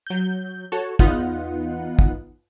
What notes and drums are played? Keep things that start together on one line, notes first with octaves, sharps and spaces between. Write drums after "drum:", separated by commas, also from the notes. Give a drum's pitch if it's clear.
F#3 G6
F#4 A4 C#5
E2 B3 D#4 F4 F#5, drum: kick
drum: kick